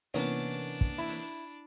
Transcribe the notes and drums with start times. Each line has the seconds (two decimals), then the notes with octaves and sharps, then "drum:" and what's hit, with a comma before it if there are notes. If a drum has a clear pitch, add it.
0.14 C3 E3 A#3 B3 C#4 D4
0.81 drum: kick
0.98 E4
1.08 drum: open hi-hat